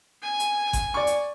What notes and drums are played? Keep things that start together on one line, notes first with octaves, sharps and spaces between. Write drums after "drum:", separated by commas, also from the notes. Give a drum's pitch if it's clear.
G#5
drum: hi-hat
drum: kick G#1, hi-hat
D5 C#6
drum: hi-hat